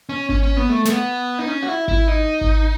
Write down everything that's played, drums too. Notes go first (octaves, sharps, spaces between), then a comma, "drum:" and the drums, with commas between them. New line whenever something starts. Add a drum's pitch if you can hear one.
C#4
C#4, drum: kick G#1
C#4
B3
A3
A3, drum: snare
B3
D#4
C#4
F#4
E4
E4, drum: kick G#1
D#4
drum: kick G#1